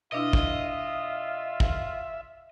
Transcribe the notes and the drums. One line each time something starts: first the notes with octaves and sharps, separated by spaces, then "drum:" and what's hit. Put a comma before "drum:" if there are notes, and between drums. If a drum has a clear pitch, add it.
B2 D4 E4 F4 D#5 E5
drum: kick
drum: kick